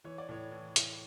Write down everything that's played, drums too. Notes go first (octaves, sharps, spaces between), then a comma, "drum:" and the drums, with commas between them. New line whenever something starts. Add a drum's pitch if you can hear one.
E3 C#5
D5
A2 C#5
E3
A2, drum: hi-hat